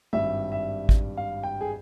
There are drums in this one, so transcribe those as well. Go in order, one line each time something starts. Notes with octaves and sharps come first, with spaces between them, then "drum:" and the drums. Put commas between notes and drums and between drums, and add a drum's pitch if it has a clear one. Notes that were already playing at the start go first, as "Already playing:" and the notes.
G#1 G2 G3 E5
E5
drum: kick G#1
F5
G5
G#4